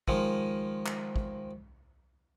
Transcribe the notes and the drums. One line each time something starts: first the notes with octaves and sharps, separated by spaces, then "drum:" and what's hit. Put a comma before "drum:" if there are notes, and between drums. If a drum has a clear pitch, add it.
D#3 F3 G#3, drum: kick
drum: clap
drum: kick